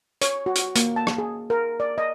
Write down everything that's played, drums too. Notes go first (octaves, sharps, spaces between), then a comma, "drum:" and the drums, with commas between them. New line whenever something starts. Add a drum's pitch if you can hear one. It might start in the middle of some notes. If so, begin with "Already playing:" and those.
C#5, drum: hi-hat
F#4
drum: hi-hat
A#3, drum: hi-hat
A5
drum: rim click
G#4
A#4
D5
D#5